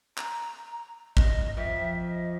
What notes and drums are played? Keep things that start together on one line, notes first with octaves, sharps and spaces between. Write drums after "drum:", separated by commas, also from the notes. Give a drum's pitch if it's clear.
A#5, drum: clap
D#5, drum: kick
F2 E5
D#5